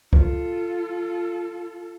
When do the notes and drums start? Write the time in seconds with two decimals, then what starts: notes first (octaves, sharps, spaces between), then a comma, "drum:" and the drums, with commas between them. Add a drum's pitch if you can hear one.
0.13 F4 A4, drum: kick